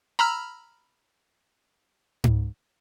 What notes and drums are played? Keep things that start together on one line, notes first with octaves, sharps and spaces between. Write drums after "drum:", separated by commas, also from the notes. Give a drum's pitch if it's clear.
A#5 B5 E6 F6
drum: tom G#2